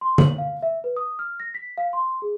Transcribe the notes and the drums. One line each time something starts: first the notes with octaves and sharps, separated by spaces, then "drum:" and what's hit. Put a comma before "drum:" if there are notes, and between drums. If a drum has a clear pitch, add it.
C6
F#7, drum: tom D3
F5
E5
B4
D#6
F6
A#6
B6
F5
C6
G#4